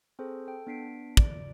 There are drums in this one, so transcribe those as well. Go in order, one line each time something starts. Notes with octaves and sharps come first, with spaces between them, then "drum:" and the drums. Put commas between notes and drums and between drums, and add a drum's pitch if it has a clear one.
C4 G#4 A4 C5
A4 G5
B3 D4 B6 C7 D7
D5 D7, drum: kick